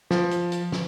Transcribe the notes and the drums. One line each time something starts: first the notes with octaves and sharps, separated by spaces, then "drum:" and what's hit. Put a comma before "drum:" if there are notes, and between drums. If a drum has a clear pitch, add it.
F3, drum: snare
drum: hi-hat
drum: hi-hat
drum: snare